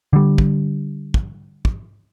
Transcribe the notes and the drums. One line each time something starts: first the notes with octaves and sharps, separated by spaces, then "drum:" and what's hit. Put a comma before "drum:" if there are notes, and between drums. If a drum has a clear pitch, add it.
D3 G3
drum: kick
drum: kick
drum: kick